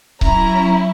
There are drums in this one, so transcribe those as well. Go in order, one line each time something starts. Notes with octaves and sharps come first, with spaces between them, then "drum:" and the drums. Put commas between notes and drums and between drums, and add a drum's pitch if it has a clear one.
F#3 C#4 E4 A#5, drum: kick C#1